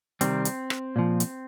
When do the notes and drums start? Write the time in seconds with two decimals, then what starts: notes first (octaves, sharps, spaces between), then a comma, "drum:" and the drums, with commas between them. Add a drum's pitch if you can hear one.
0.21 C3 D#3 G3 C4, drum: hi-hat
0.45 drum: hi-hat
0.70 drum: rim click
0.96 A#2 F3
1.20 drum: hi-hat